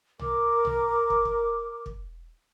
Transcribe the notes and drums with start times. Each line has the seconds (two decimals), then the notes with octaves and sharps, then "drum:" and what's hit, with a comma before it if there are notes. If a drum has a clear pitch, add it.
0.19 A#4 D6, drum: tom
0.65 drum: tom
1.10 drum: kick
1.25 drum: kick
1.86 drum: kick